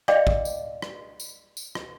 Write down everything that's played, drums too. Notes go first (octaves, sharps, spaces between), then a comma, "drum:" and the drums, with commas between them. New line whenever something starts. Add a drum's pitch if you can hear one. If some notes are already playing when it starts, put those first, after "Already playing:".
D5 D#5 F5 G5 D6, drum: rim click
drum: kick
drum: tambourine
drum: rim click
drum: tambourine
drum: tambourine
drum: rim click